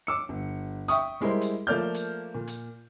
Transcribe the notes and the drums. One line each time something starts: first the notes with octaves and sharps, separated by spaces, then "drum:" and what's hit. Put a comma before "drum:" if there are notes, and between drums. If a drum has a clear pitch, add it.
D6 E6 C#7
G1
E5 G5 C#6 D#6, drum: hi-hat
G3 G#3 E4 A#4 C5
drum: hi-hat
F3 A3 A#3 D5 F6 G6
drum: hi-hat
A#2
drum: hi-hat